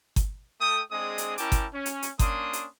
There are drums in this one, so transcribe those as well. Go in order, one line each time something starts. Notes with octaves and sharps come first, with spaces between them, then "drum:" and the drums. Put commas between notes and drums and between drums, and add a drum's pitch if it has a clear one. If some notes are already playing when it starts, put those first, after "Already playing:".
drum: kick G1, hi-hat
A3 A4 G5 A5 D#6
G#3 C4 D4 G#4 D#5 D#6
drum: hi-hat
C#4 E4 A#4 G5 A5 D6, drum: hi-hat
drum: kick G1, hi-hat
C#4
drum: hi-hat
drum: hi-hat
A#3 C#4 D4 C6 D#6, drum: kick G1, hi-hat
drum: hi-hat